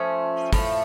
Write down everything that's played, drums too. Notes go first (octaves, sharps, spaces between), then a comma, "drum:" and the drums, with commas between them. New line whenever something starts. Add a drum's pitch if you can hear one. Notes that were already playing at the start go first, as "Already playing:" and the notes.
Already playing: F3 A3 C#4
A2 F3 A3, drum: kick, open hi-hat